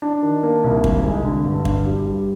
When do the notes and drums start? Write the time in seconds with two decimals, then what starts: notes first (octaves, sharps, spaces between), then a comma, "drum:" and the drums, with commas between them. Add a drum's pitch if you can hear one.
0.02 D4
0.22 D#3
0.43 A#3
0.64 C2
0.84 G#1, drum: kick
1.03 G#3
1.25 D3
1.45 G2
1.65 G2, drum: kick
1.86 G3
2.06 G3